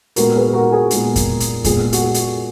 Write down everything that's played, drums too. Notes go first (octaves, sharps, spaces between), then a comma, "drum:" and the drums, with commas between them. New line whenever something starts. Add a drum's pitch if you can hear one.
A#2 G#3 B3 F#4 A#4, drum: hi-hat
G#4 B4
F#4 A#4
G#4
A#2 G#3 B3, drum: hi-hat
drum: kick F2, hi-hat
drum: hi-hat
A#2 G#3 B3 G#4, drum: kick F2, hi-hat
F#4, drum: hi-hat
G#4
drum: hi-hat